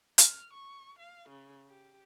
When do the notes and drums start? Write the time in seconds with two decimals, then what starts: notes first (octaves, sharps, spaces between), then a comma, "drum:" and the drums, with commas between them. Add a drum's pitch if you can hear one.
0.18 F6, drum: hi-hat
0.52 C#6
0.98 F5
1.28 C#3
1.68 G4